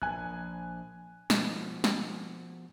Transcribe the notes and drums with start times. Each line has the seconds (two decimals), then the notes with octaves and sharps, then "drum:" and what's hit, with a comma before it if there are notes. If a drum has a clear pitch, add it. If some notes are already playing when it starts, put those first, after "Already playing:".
0.02 A#1 G#5 F#6
1.30 B2 F3, drum: snare
1.84 drum: snare